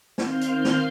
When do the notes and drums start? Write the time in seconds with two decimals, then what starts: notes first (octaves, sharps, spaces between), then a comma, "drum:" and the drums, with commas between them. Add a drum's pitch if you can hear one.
0.18 D#3 C4 F5 C6 F6 G6, drum: snare
0.41 drum: hi-hat
0.65 drum: snare